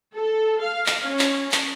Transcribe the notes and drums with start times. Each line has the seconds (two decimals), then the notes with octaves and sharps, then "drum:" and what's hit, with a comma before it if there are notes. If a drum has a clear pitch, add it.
0.15 A4
0.60 F5
0.86 drum: clap
1.03 C#4
1.19 drum: clap
1.52 drum: clap